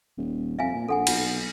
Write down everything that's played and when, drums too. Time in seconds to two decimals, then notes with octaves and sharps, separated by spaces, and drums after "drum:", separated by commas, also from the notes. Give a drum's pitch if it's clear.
0.17 D#1
0.59 F2 E5 F5 G#5
0.74 A#2
0.89 A#1 A4 F#5 G#5
1.07 B1 F4, drum: cymbal